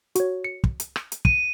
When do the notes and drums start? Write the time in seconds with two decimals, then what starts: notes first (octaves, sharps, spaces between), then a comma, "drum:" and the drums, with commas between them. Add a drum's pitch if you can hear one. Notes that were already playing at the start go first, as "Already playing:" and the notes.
0.15 F#4 C#5, drum: hi-hat
0.44 C#7
0.64 drum: kick
0.80 drum: hi-hat
0.96 drum: rim click
1.12 drum: hi-hat
1.25 D#7, drum: kick